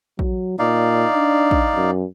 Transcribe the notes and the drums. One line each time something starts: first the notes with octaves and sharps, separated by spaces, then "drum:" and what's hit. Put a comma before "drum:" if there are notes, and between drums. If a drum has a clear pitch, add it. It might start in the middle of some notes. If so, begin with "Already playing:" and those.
F#3, drum: kick
A#2 D#4 D5 F5
D4
drum: kick
F#2